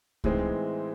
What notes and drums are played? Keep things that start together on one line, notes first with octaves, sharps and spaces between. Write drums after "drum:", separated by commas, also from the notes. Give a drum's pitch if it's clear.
A2 E3 G#3 C4 D#4, drum: kick C2